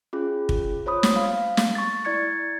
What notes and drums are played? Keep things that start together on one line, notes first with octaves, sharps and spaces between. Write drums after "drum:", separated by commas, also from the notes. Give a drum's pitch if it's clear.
C#4 F4 G#4
drum: kick
F4 C5 C#5 B5 D#6
drum: snare
F5
drum: snare
C#6 A6
E4 D5 G#6 A6 C#7